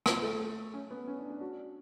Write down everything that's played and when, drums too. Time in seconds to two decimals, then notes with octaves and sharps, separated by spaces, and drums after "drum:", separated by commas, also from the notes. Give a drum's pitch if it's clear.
0.06 drum: rim click
0.22 A3
0.73 C#4
0.91 B3
1.07 C#4
1.19 D4
1.30 D4
1.41 F#4